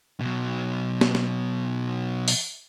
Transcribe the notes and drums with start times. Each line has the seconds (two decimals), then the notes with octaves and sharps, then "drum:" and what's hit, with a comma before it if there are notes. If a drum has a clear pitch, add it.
0.20 B2 F#3
1.01 drum: snare
1.15 drum: snare
2.28 drum: open hi-hat